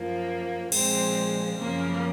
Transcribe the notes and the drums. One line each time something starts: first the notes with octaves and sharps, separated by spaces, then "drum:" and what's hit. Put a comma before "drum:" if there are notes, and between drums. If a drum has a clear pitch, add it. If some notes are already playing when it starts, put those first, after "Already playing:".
Already playing: F#2 F3 A#3
A#2 F3 G#3 C4, drum: cymbal
F#2 C#3 F3 A#3